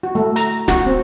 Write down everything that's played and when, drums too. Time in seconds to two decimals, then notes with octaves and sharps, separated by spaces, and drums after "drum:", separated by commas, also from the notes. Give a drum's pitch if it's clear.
0.03 F#4
0.15 A3
0.36 A#5, drum: hi-hat
0.68 F#4, drum: snare
0.86 C4